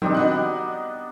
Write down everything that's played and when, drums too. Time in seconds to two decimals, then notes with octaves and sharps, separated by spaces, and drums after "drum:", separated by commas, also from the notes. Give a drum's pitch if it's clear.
0.02 D#3 G3 C4 D4 D#4, drum: tom F3
0.14 B3 F#4 D#5 F#6